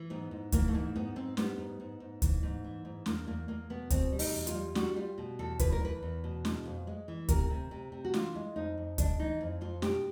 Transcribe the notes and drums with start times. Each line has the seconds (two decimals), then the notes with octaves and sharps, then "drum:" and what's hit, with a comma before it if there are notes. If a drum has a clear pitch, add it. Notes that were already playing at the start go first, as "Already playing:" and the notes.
Already playing: E3
0.10 G#2 B3
0.31 G#2
0.52 E3 A#3, drum: kick D2, hi-hat
0.68 A3
0.74 G#2 A#3
0.95 G#2 B3
1.16 G#2 C4
1.37 G3 B3, drum: snare
1.58 G#2
1.80 G#2
2.00 G#2
2.22 E3, drum: kick D2, hi-hat
2.43 G#2
2.64 E3
2.85 G#2
3.06 E2 A#3, drum: snare
3.27 E2 A#3
3.48 E2 A#3
3.70 B2 B3
3.90 B2 C4, drum: kick D2, hi-hat
4.12 G3
4.19 D#4, drum: open hi-hat
4.33 E2
4.47 F4, drum: hi-hat
4.54 G3
4.75 G3 F#4, drum: snare
4.96 G3 F4
5.18 B2
5.39 E2 A4
5.59 E2 B4, drum: kick D2, hi-hat
5.72 A#4
5.81 E2 B4
6.03 E2
6.24 B2
6.45 G#3, drum: snare
6.65 F2
6.87 G#3
7.08 E3
7.29 C3 A#4, drum: kick D2, hi-hat
7.50 C3
7.71 C3
7.92 C3
8.05 F#4
8.14 E3 F4, drum: snare
8.35 G#3
8.56 F2 D#4
8.77 F2
8.98 G#3 D4, drum: kick D2, hi-hat
9.19 E3 D#4
9.41 F2
9.61 F2 F4
9.82 B2 G4, drum: snare